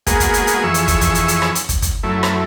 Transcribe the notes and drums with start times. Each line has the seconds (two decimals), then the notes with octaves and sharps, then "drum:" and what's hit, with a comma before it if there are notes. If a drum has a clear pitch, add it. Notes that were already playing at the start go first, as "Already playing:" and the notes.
0.07 G#3 A#3 B3 F#4 G#4, drum: kick, hi-hat
0.20 drum: kick, hi-hat
0.34 drum: hi-hat
0.47 drum: hi-hat
0.64 F2 E3 G#4 C#6 E6
0.74 drum: hi-hat
0.88 drum: kick, hi-hat
1.01 drum: kick, hi-hat
1.15 drum: hi-hat
1.28 drum: hi-hat
1.42 drum: rim click
1.55 drum: hi-hat
1.69 drum: kick, hi-hat
1.82 drum: kick, hi-hat
2.03 F#2 A3 E4
2.23 drum: rim click